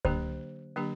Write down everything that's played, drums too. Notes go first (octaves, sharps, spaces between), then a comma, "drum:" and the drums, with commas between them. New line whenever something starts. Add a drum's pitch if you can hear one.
D3 F#3 A#3 D4 G4 C5, drum: kick C#2
D3 F#3 A#3 D4 G4